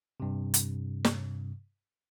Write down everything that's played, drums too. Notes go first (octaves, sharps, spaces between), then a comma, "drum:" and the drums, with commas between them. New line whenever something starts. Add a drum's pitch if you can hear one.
G2 C3
drum: hi-hat
drum: snare